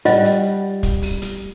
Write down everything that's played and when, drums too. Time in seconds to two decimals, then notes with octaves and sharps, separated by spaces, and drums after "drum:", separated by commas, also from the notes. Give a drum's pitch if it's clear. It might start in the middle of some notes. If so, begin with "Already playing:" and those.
0.05 G3 F4 D#5 F#5, drum: hi-hat
0.25 drum: hi-hat
0.83 drum: kick, hi-hat
1.02 drum: open hi-hat
1.22 drum: hi-hat